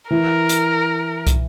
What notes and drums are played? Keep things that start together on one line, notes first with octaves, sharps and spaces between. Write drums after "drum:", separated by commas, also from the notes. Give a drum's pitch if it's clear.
E3 A#4
drum: hi-hat
drum: kick, hi-hat